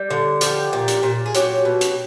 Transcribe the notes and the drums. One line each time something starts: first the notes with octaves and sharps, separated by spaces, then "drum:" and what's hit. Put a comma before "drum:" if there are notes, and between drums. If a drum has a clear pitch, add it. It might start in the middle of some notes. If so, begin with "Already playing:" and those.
Already playing: G3
D3
F3 G4, drum: hi-hat
A#2
drum: hi-hat
A#2
G#4
F#3 G4, drum: hi-hat
B2
drum: hi-hat